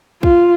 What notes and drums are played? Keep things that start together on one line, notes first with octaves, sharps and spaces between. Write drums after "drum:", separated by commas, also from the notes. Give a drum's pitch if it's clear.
F4, drum: kick